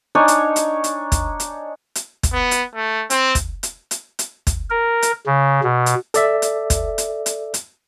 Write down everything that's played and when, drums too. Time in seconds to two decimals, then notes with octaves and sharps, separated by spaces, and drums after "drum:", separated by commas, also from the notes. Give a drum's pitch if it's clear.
0.15 D4 D#4 C#5 G#5
0.28 drum: hi-hat
0.56 drum: hi-hat
0.84 drum: hi-hat
1.12 drum: kick, hi-hat
1.40 drum: hi-hat
1.95 drum: hi-hat
2.23 drum: kick, hi-hat
2.33 B3
2.51 drum: hi-hat
2.75 A3
3.10 C4, drum: hi-hat
3.35 drum: kick, hi-hat
3.63 drum: hi-hat
3.91 drum: hi-hat
4.19 drum: hi-hat
4.47 drum: kick, hi-hat
4.70 A#4
5.02 drum: hi-hat
5.26 C#3
5.64 B2
5.86 drum: hi-hat
6.14 A4 D5 E5, drum: hi-hat
6.42 drum: hi-hat
6.70 drum: kick, hi-hat
6.98 drum: hi-hat
7.26 drum: hi-hat
7.54 drum: hi-hat